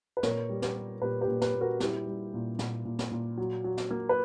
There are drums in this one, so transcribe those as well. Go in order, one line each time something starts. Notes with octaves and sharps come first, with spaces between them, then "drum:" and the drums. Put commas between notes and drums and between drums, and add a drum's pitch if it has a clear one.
B4
A#2 A#4 C#5, drum: snare
G3
G4 B4, drum: snare
B3
A#2 G4 B4
G4 B4
A#2
G4 B4, drum: snare
A#2
F#4 A#4
G3 E4 G4, drum: snare
G3
A#2
A#2, drum: snare
A#2
drum: snare
A#2
F#3
F#3
drum: snare
A#3
B4